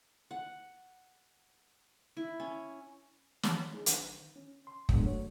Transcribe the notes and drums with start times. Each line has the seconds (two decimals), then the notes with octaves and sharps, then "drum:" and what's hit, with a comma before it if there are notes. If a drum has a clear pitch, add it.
0.31 F#5
2.17 E4
2.40 C#4
3.43 drum: snare
3.73 D#4 G#4
3.86 D#3, drum: hi-hat
4.36 C#4
4.67 C6
4.89 D#3 F#3 G#3 B3 D4, drum: kick
5.02 A3 F#4 C#5